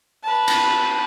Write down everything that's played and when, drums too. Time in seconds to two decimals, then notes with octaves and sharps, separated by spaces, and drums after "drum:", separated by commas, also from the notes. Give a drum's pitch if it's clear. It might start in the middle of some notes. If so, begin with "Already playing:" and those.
0.23 B4 A5
0.48 drum: cymbal